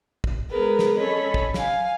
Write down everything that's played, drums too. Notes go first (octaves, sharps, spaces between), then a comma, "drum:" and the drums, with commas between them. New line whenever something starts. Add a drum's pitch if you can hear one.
drum: kick
G#3 B3 G#4 A#4 B4
drum: snare
C#4 A4 C#5 D#5 B5
drum: kick
F5 G#5, drum: snare